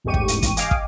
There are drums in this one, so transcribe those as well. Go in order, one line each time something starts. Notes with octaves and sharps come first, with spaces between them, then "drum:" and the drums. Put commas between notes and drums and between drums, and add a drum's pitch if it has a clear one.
A1 E2 G#2 G4 C#6 D#7
drum: kick
drum: hi-hat
drum: kick, hi-hat
D#5 F5 G5 G#5 D6, drum: hi-hat
drum: kick